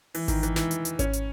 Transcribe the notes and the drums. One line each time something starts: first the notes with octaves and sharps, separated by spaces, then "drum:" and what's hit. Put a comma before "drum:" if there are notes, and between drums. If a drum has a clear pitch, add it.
E3, drum: open hi-hat
D#3, drum: kick G#1, hi-hat
E3, drum: hi-hat
E3, drum: snare
drum: hi-hat
drum: hi-hat
C#4, drum: kick G#1, hi-hat
drum: hi-hat